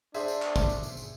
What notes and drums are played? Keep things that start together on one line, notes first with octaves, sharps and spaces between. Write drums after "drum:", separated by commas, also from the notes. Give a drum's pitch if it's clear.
D4 G#4 C5 E5, drum: tambourine
drum: tambourine
drum: clap
drum: kick, tambourine
drum: tambourine
drum: tambourine
drum: tambourine